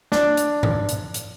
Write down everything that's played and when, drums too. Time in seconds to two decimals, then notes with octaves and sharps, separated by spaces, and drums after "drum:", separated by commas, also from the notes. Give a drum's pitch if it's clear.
0.12 D4, drum: snare
0.37 drum: hi-hat
0.63 drum: tom G2
0.89 drum: hi-hat
1.14 drum: hi-hat